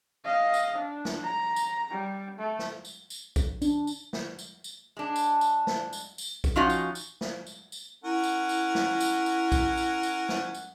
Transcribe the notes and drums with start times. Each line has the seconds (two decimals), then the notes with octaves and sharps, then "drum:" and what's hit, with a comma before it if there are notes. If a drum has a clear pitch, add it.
0.25 D#5 F5
0.54 drum: tambourine
0.78 D4
1.05 drum: snare
1.24 A#5
1.56 drum: tambourine
1.90 G3
2.39 A3
2.59 drum: snare
2.85 drum: tambourine
3.10 drum: tambourine
3.36 drum: kick A#1, tambourine
3.62 D4, drum: tambourine
3.87 drum: tambourine
4.13 drum: snare
4.39 drum: tambourine
4.64 drum: tambourine
4.97 G#3 D4
5.16 drum: tambourine
5.41 drum: tambourine
5.67 drum: snare
5.93 drum: tambourine
6.18 drum: tambourine
6.44 drum: kick A#1, tambourine
6.56 F3 C#4 D#4 F4 F#4 D#5
6.70 drum: tambourine
6.95 drum: tambourine
7.21 drum: snare
7.47 drum: tambourine
7.72 drum: tambourine
8.04 C#4 E4 A#4 F#5
8.24 drum: tambourine
8.49 drum: tambourine
8.75 drum: snare
9.01 drum: tambourine
9.26 drum: tambourine
9.52 drum: kick A#1, tambourine
9.77 drum: tambourine
10.03 drum: tambourine
10.29 drum: snare
10.54 drum: tambourine